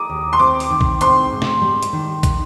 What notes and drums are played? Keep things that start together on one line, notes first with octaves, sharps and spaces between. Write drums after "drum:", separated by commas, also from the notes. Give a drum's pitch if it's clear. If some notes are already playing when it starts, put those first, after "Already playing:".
Already playing: A#5 D6 D#6
D#2
C6
C4 D6
drum: open hi-hat
D#3
drum: kick
C4 C6, drum: hi-hat
G#2
drum: snare
G3
drum: hi-hat
D#3
drum: kick, hi-hat